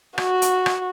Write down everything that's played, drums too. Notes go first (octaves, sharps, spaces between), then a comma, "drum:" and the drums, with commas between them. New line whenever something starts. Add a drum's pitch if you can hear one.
F#4, drum: rim click
drum: hi-hat
drum: rim click